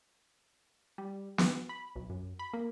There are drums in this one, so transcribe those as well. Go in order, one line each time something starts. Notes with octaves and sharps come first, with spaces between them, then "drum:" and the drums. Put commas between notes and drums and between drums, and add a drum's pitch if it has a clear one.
G3
B3, drum: snare
B5
B1
F#2
B5
A#3